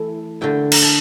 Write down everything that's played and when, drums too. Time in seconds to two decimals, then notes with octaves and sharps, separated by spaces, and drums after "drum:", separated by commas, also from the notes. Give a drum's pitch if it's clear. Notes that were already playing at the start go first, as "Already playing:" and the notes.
Already playing: E3 A3 E4
0.41 D3 A3 E4 G5
0.72 A#5, drum: cymbal
0.82 A5